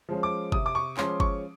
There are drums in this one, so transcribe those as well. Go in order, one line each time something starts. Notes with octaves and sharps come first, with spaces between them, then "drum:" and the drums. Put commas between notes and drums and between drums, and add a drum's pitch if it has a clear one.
F3 G#3 C#4
D6
C3 D#6, drum: kick G1
D6
C#6
F3 G#3 C#4 C6, drum: clap
C#6, drum: kick G1